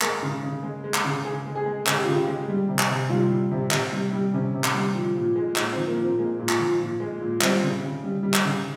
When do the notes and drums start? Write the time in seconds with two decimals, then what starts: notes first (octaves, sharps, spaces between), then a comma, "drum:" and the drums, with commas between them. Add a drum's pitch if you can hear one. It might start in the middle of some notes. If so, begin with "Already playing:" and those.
0.01 G#3 A#4, drum: clap
0.22 C#3
0.43 C#3
0.63 G#3
0.84 G#3
0.94 drum: clap
1.04 C#3
1.25 C#3 G#4
1.46 G#3
1.55 G#4
1.66 G#3
1.87 C#3 G#4, drum: clap
1.96 G4
2.05 C#3 F4
2.14 G4
2.27 G#3
2.48 G3
2.69 C3
2.79 drum: clap
2.89 C3
3.09 G3 F4
3.30 G3
3.51 C3
3.71 C3, drum: clap
3.92 G3
4.13 G3
4.33 C3 C#4
4.54 C3
4.64 drum: clap
4.74 G3
4.95 F3
5.15 A#2
5.36 G#3
5.56 A#2 D#4, drum: clap
5.72 C4
5.77 F3
5.87 A#3
5.98 A#2 C4
6.18 G#3 A#3
6.39 A#2
6.49 drum: clap
6.59 F3
6.79 A#2
7.00 G#3
7.21 A#2
7.41 G3 C4, drum: clap
7.62 C#3
7.83 C#3
8.03 G3
8.23 G3
8.34 drum: clap
8.45 C#3